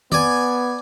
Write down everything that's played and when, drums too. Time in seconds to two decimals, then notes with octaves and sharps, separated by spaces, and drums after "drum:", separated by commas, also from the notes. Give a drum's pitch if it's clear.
0.12 B3 D5 G#5, drum: tom D#3